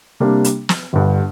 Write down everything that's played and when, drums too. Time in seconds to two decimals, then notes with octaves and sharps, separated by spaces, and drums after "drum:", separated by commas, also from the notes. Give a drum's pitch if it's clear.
0.20 C3 G3 A#3 D4
0.44 drum: hi-hat
0.69 drum: snare
0.93 G1 G2 D3